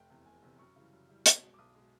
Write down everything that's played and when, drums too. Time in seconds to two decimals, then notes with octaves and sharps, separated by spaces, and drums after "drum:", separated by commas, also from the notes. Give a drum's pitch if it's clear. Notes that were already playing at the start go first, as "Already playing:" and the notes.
Already playing: F1 G5
0.10 E2 C3
0.26 F1 G#5
0.42 E2 C3
0.59 F#2 C#6
0.76 C#3 E3 G3
0.93 F#2
1.09 C#3 E3 G3
1.26 B1, drum: hi-hat
1.42 B2 G#3
1.54 D6
1.58 B1 D#6
1.75 B2 G#3